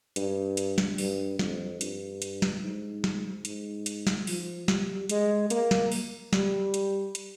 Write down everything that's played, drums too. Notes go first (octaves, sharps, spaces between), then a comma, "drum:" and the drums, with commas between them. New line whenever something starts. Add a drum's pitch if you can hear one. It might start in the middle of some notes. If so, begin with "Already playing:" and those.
G2, drum: hi-hat
drum: hi-hat
drum: snare
G2, drum: open hi-hat
F2, drum: snare
G2, drum: hi-hat
drum: hi-hat
drum: snare
G#2
drum: snare
G#2, drum: hi-hat
drum: hi-hat
drum: snare
F3, drum: open hi-hat
G3, drum: snare
G#3, drum: hi-hat
A#3, drum: hi-hat
drum: snare
drum: open hi-hat
G3, drum: snare
drum: hi-hat
drum: hi-hat